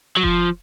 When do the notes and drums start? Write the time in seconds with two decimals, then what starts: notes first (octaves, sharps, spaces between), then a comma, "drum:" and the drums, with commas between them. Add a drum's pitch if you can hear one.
0.17 F#3
0.23 F3, drum: kick F1